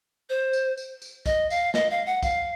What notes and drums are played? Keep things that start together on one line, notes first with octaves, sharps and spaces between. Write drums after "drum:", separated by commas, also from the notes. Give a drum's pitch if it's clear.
C5
drum: tambourine
drum: tambourine
drum: tambourine
D#5, drum: kick, tambourine
F5, drum: tambourine
D#5, drum: snare
F5
F#5
F5, drum: kick, tambourine